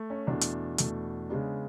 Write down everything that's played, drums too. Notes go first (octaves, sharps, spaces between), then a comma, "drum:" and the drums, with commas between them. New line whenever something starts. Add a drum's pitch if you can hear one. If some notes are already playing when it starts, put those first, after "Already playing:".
Already playing: A3
C#4
E2 B2 A3 D4
drum: hi-hat
E2 B2 A3, drum: hi-hat
C#3 G#3 B3 D4